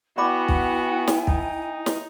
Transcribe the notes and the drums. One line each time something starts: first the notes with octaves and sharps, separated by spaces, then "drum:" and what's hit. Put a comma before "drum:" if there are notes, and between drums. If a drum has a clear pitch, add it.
B3 E4 F#4 D5 G5 G#5 B5 D6
drum: kick
drum: snare
D#4, drum: kick
drum: snare